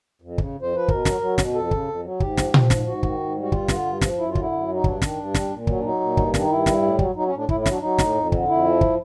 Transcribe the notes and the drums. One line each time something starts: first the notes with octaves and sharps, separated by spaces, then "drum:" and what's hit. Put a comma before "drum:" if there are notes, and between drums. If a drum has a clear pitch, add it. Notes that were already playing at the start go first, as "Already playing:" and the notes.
F2
C#3, drum: kick
F2
C5
F3 B4
B2 A#4, drum: kick
F#3, drum: snare
F#3
B2, drum: snare
F2 A4
C#3, drum: kick
F2
F#3
G#2 G4, drum: kick
F3, drum: snare
F3, drum: tom A#2
G#2, drum: snare
G#2 F#4
D#3, drum: kick
G#2
G3
F#4
G2 F4, drum: kick
D3, drum: snare
G2
F3, drum: snare
F#2 E4
F4
D3 E4, drum: kick
F#2
F#3
D#4
G2 D4, drum: kick
D#3, drum: snare
G2
G3, drum: snare
A#2
F#3, drum: kick
D4
F#3 D#4
A#2
G2, drum: kick
D#3 D4, drum: snare
D#4
G2 E4
G3, drum: snare
A2
F#3, drum: kick
F#3 D#4
C#4
A2 D4
A2 E4, drum: kick
E4
F#3, drum: snare
D4
F#3 D#4
A2, drum: snare
F2
D3, drum: kick
F2 E4
F3
drum: kick